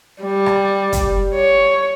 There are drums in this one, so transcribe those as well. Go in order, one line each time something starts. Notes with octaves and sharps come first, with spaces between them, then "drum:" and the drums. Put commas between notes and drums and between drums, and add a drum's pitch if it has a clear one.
G3
drum: rim click
drum: kick, hi-hat
C#5